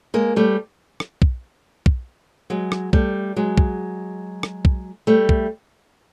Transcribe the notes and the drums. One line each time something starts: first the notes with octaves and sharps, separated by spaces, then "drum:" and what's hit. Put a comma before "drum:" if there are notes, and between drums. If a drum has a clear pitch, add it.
G#3 A#3
G3 A3
drum: rim click
drum: kick
drum: kick
F#3 G#3
drum: rim click
G3 A3, drum: kick
F#3 G#3
drum: kick
drum: rim click
drum: kick
G3 A3
drum: kick